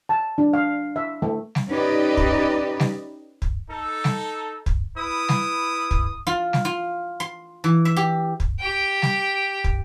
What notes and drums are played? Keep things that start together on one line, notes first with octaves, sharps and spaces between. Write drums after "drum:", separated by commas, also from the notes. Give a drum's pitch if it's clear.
A5
D4
F5
E5
A3
drum: snare
C#4 D#4 G4 B4 D5 D#5
drum: kick
drum: snare
drum: kick
D#4 A4
drum: snare
drum: kick
E4 B4 D#6
drum: snare
drum: kick
F4
drum: snare
F4
C6
E3
E5
G4
drum: kick
G4 G5
drum: snare
drum: kick